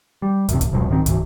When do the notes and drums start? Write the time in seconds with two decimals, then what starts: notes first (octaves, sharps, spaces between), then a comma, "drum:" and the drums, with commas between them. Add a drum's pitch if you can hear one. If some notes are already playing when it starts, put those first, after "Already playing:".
0.22 G3
0.49 F#2 C3, drum: kick, hi-hat
0.61 A1, drum: kick, hi-hat
0.73 F2 B2 F#3 G#3
0.88 G#2 D#3 C4
1.06 G#2 E3, drum: kick, hi-hat